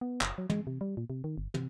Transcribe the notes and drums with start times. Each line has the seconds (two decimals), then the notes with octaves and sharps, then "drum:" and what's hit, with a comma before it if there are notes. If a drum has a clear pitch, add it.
0.01 B3
0.21 F#1, drum: clap
0.38 F#3
0.50 G#3, drum: tom
0.67 C3
0.81 G3
0.97 A#2
1.10 C3
1.24 D#3
1.38 G1
1.54 C3, drum: tom